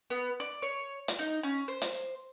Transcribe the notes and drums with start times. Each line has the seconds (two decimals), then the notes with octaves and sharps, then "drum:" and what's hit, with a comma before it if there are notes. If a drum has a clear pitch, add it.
0.10 B3
0.40 D5
0.62 C#5
1.08 drum: hi-hat
1.19 D#4
1.43 C#4
1.68 C5
1.82 drum: hi-hat